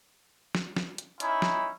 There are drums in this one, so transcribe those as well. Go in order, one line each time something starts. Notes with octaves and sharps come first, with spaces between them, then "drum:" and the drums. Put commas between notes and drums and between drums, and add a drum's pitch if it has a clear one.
drum: snare
drum: snare
drum: hi-hat
C#4 D#4 E4, drum: hi-hat
drum: snare